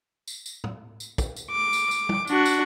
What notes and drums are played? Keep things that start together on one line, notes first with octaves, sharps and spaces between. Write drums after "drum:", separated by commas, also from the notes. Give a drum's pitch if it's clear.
drum: tambourine
drum: tambourine
drum: tom A2
drum: tambourine
drum: kick, tambourine
drum: tambourine
D6
drum: tambourine
drum: tambourine
drum: tom
D4 F#4, drum: tambourine
drum: tambourine